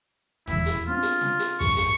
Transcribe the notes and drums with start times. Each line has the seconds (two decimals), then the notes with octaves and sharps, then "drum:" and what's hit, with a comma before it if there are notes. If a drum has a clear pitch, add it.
0.47 D#1 E2 E4, drum: snare
0.66 drum: hi-hat
0.87 B3 C4 D4 F4
1.03 drum: hi-hat
1.21 drum: snare
1.39 drum: hi-hat
1.61 F2 G#2 C#6, drum: kick, hi-hat
1.76 drum: hi-hat